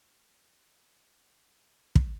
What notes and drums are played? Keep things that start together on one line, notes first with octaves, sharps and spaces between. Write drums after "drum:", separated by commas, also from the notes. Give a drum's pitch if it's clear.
D4
D4
drum: kick